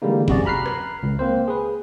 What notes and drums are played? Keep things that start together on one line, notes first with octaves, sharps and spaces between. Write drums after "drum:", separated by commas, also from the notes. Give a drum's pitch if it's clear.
D3 E3 G3 G#3 A#3 D#4
F#2 C3 F#4 G#4 D5, drum: kick
A#5 B5 F6 F#6 C7
drum: rim click
C#2
A#3 C4 C5
G#4 B4